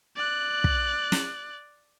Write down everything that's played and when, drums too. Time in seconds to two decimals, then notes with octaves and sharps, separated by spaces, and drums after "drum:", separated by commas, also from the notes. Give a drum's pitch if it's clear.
0.16 D5 F#6
0.64 drum: kick
1.12 drum: snare